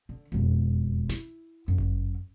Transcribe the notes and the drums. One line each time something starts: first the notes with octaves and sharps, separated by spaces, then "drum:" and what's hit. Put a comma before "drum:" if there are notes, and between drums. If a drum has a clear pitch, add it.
D3
E1 F2
E4, drum: snare
F#2
drum: kick G1